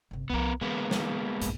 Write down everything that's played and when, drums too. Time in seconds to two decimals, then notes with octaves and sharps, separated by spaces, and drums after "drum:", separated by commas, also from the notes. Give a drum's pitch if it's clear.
0.11 G1 C3
0.30 C2 F3 B3 A#4
0.61 D3 E3 G#3 A#3 B3
0.91 drum: snare
1.41 A#1 G2, drum: hi-hat